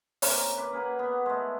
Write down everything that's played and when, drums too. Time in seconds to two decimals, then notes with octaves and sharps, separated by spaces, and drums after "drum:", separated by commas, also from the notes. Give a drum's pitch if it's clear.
0.22 C3 A#3 C#4, drum: open hi-hat
0.58 B4 D6
0.73 A#3 G#4 B4 F#5
0.99 B3
1.26 G#3 A3